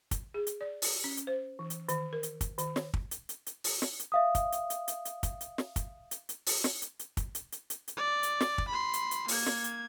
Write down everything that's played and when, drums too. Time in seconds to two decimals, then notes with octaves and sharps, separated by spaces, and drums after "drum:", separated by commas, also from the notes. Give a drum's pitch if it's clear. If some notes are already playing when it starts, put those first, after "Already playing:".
0.11 drum: kick, hi-hat
0.34 G#4
0.47 drum: hi-hat
0.61 D5
0.82 drum: open hi-hat
1.04 C#4
1.17 drum: hi-hat
1.27 C5
1.59 E3
1.70 drum: hi-hat
1.89 D#3, drum: hi-hat
2.13 A#4
2.23 drum: hi-hat
2.41 drum: kick, hi-hat
2.58 D#3, drum: hi-hat
2.76 C#5, drum: snare
2.94 drum: kick
3.11 drum: hi-hat
3.29 drum: hi-hat
3.46 drum: hi-hat
3.64 drum: open hi-hat
3.82 drum: snare
3.99 drum: hi-hat
4.12 E5 F5 D#6
4.35 drum: kick, hi-hat
4.52 drum: hi-hat
4.70 drum: hi-hat
4.88 drum: hi-hat
5.05 drum: hi-hat
5.23 drum: kick, hi-hat
5.41 drum: hi-hat
5.58 drum: snare
5.76 drum: kick, hi-hat
6.11 drum: hi-hat
6.29 drum: hi-hat
6.46 drum: open hi-hat
6.64 drum: snare
6.82 drum: hi-hat
6.99 drum: hi-hat
7.17 drum: kick, hi-hat
7.35 drum: hi-hat
7.52 drum: hi-hat
7.70 drum: hi-hat
7.88 drum: hi-hat
7.97 D5
8.23 drum: hi-hat
8.41 drum: snare
8.58 drum: kick
8.68 B5 C6
8.93 drum: hi-hat
9.11 drum: hi-hat
9.28 A#3 G#6, drum: open hi-hat
9.46 drum: snare
9.64 drum: hi-hat